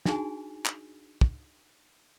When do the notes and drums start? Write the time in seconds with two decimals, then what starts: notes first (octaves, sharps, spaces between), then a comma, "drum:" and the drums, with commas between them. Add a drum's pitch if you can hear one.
0.05 D4 D#4 F#4 G#4 G#5, drum: snare
0.66 drum: clap
1.21 drum: kick